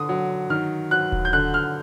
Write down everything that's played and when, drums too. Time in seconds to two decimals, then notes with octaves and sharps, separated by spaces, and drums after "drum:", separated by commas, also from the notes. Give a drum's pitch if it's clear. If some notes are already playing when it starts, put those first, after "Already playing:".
Already playing: D3 D#6
0.09 F#3
0.50 D#3 F6
0.91 F#3 F#6
1.12 drum: kick D#1
1.25 G6
1.33 D3 F#6
1.54 F6